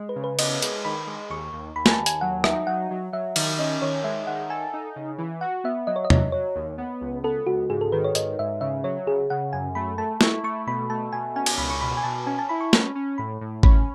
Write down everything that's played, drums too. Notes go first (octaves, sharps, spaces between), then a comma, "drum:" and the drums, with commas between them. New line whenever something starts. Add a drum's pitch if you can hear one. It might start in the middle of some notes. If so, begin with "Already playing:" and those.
Already playing: G#3
B4
C#3
B4
B3 D#5, drum: cymbal
G#3, drum: hi-hat
D#3 B5
G#3
D#2 C#6
D#2
D#2 B5
G#5, drum: snare
A5
D#2
G#5, drum: hi-hat
F#3 F#5
D#4 E5, drum: rim click
F#3 F#5
F#3
F#3 E5
D#3, drum: cymbal
C#4 D#5
D#3 C#5
G#3 E5
D#3 F#5
A4 G#5
D#4
C#3
E3
F#4 F#5
B3 E5
F#3 D#5
C#5
D#5
F#3, drum: tom
F#3 C#5
D#2
B3
C#2
B3 A4
C#2 F#4
G#2 G#4
A4
D#3 B4
C#5
G#2 D#5, drum: hi-hat
G#2 E5
C#3 E5
F#3 C#5
C#3 G#4
C#3 F#5
F#2 G#5
A3 B5
A3 A5
E4 C#6, drum: snare
A3 C#6
B2 B5
A3 A5
B2 G#5
C#4 G#5
G#5, drum: cymbal
C#2 B5
C#6
B2 B5
G#5
B2 A5
C#4 G#5
A5
E4 B5
C#6
C#4, drum: snare
C#4
A2 B5
A2
C#4 B5, drum: kick G#1